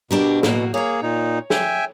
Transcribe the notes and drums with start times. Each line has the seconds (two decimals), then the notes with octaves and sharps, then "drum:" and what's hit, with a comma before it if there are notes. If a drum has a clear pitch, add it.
0.11 B2 D4 G4 A#4
0.43 A2 A#3 F#4, drum: snare
0.74 A#3 G#4 C#5 A#5
1.02 A#2 D#4
1.50 E5 G5 G#5, drum: snare